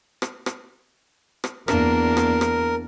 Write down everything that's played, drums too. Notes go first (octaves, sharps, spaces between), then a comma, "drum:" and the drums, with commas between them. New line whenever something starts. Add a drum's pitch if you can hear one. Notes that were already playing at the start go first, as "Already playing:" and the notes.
drum: rim click
drum: rim click
drum: rim click
E2 A#3 D4 A#4, drum: rim click
drum: rim click
drum: rim click